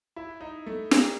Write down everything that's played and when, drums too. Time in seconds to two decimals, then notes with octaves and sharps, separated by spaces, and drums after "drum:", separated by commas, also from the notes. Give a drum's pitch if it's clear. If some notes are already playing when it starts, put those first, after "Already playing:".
0.16 E4
0.41 D#4
0.66 A3
0.91 A#3, drum: snare